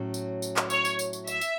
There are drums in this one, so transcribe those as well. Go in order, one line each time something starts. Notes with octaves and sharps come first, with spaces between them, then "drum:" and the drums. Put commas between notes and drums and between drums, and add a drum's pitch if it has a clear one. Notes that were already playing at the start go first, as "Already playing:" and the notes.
Already playing: A2 F#3 C#4
drum: tambourine
drum: tambourine
drum: clap
C#5, drum: tambourine
drum: tambourine
drum: tambourine
drum: tambourine
E5, drum: tambourine
drum: tambourine